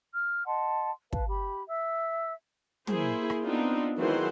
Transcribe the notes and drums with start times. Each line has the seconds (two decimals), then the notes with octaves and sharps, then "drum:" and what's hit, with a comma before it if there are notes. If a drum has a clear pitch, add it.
0.13 F6
0.46 D#5 F#5 A5 C6
1.13 B4 F5 A5, drum: kick
1.29 G4 B5
1.68 E5 E6
2.87 A#3 E4 G#4 C5, drum: tom
3.30 drum: rim click
3.44 B3 C4 D4 D#4 F4
3.98 D#3 E3 F#3 G#3 F#4 C5